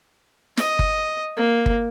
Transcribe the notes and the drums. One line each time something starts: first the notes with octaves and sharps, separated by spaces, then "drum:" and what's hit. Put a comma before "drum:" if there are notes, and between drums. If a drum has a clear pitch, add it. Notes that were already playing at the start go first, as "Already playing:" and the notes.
D#5, drum: snare
drum: kick G1
A#3
drum: kick G1